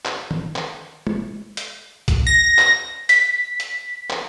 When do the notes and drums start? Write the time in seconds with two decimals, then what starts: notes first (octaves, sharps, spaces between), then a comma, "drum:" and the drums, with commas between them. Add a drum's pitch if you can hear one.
0.05 drum: clap
0.31 drum: tom D#3
0.56 drum: clap
1.07 drum: tom
1.57 drum: hi-hat
2.08 drum: kick, hi-hat
2.27 A#6
2.59 drum: clap
3.09 B6, drum: hi-hat
3.60 drum: hi-hat
4.10 drum: clap